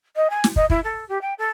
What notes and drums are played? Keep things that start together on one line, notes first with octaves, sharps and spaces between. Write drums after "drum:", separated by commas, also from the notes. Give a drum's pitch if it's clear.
D#5
G#5
drum: snare
D#5, drum: kick
E4, drum: kick
A4
G4
G5
A4